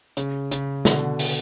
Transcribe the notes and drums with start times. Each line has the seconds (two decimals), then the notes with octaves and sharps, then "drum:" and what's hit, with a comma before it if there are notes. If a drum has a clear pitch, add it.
0.17 C#3, drum: hi-hat
0.51 C#3, drum: hi-hat
0.85 B2 D3, drum: snare
1.19 drum: open hi-hat